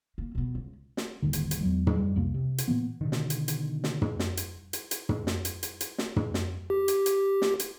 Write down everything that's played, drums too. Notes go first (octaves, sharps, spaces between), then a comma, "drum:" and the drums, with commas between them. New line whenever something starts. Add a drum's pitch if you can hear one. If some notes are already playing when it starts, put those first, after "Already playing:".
A#3
B2 B3
C#2
drum: snare
D#1 G#1 D#2 D3
drum: hi-hat
drum: hi-hat
E2 F#3 G#3
drum: tom
G3
C2 F2 C3 A#3
C3
drum: hi-hat
A#2 E3 A#3 B3
B2 D3 D#3
drum: snare
drum: hi-hat
drum: hi-hat
drum: snare
drum: tom
drum: snare
drum: hi-hat
drum: hi-hat
drum: hi-hat
drum: tom
drum: snare
drum: hi-hat
drum: hi-hat
drum: hi-hat
drum: snare
drum: tom
drum: snare
G4
drum: hi-hat
drum: hi-hat
drum: snare
drum: hi-hat